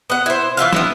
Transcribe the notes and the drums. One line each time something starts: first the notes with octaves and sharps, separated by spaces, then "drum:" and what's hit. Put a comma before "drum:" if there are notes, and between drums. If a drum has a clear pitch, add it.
B3 F#5
E4 C5
E3 F4 E5 F5
B3 E4, drum: snare